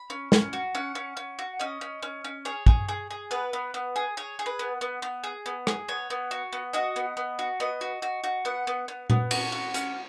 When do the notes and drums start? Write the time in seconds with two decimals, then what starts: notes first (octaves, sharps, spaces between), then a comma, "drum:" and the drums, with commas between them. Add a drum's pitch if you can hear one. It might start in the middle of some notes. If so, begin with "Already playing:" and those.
Already playing: B5
0.10 C#4
0.32 C#4, drum: snare
0.53 F#4
0.75 C#4 F#5
0.95 C#4
1.17 C#4
1.39 F#4
1.60 C#4 D#5
1.81 C#4
2.03 C#4
2.24 C#4
2.45 G#4 C#5
2.66 G#4, drum: kick
2.89 G#4
3.11 G#4
3.31 B3 B4
3.53 B3
3.74 B3
3.96 G#4
4.17 G#4 C#5
4.39 G#4
4.46 B4
4.59 B3
4.81 B3
5.02 B3
5.24 G#4
5.46 B3
5.67 G#4, drum: rim click
5.88 B3 C#5
6.10 B3
6.31 F#4
6.52 B3
6.73 F#4 D#5
6.96 B3
7.17 B3
7.39 F#4
7.60 B3 D#5
7.81 F#4
8.02 F#4
8.24 F#4
8.45 B3 F#5
8.67 B3
8.88 B3
9.10 B3, drum: tom A#2
9.31 F#4 C#5, drum: cymbal
9.52 F#4
9.74 C#4, drum: hi-hat